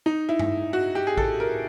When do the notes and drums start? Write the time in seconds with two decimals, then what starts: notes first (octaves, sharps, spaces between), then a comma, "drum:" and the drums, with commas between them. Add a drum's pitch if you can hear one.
0.06 D#4
0.29 E4
0.39 drum: tom G2
0.73 F#4
0.95 G4
1.07 G#4
1.18 A4, drum: kick A1
1.40 A#4